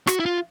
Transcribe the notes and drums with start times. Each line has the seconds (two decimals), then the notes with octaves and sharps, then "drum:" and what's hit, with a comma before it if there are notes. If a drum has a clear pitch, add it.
0.07 F#4, drum: rim click
0.20 E4
0.26 F4